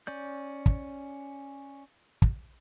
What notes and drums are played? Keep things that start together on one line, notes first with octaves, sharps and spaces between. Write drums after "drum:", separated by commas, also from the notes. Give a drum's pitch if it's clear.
C#4 D5 G6
drum: kick
drum: kick